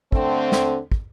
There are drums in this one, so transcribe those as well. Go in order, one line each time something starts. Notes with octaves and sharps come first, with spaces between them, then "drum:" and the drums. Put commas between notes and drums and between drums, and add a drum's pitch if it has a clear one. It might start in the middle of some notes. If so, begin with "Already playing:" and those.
D3 A3 C4, drum: kick
drum: snare
drum: kick